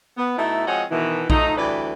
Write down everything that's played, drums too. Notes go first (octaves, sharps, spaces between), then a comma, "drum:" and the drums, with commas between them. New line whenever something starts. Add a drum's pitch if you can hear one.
B3
B2 A3 D#4 E4
F3 G#3 C4 F#4 C#5 D#5
B2 D#3 E3
F3 F#3 A3 D#4, drum: kick A#1
D2 E3 G3 B4 D5